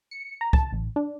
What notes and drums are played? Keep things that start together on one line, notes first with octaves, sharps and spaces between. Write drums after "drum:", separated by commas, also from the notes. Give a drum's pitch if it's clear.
C#7
A#5
A5, drum: kick C2
A1
D4